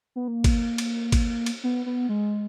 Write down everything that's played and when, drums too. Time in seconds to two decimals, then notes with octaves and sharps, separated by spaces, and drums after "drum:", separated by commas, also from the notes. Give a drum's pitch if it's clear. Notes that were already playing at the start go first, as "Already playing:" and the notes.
0.16 B3
0.28 A#3
0.44 drum: kick, cymbal
0.78 drum: cymbal
1.12 drum: kick, cymbal
1.46 drum: cymbal
1.64 B3
1.86 B3
2.09 G#3